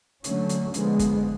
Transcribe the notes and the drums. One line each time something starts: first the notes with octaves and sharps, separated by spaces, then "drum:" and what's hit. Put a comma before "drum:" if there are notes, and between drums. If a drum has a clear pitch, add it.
D3 F#3 A3 C#4, drum: hi-hat
drum: hi-hat
D3 F3 G#3 B3, drum: hi-hat
drum: kick, hi-hat